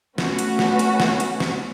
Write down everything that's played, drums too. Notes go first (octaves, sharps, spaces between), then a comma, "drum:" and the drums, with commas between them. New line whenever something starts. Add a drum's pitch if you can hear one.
A3 C#4 F#4 B4, drum: snare
drum: hi-hat
drum: snare
drum: hi-hat
drum: snare
drum: hi-hat
drum: snare